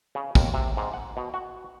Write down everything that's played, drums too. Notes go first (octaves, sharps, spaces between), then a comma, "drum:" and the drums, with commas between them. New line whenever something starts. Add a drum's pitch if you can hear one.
C#3
D#2, drum: kick, tambourine
C3
G#2
F#5
B2
F#4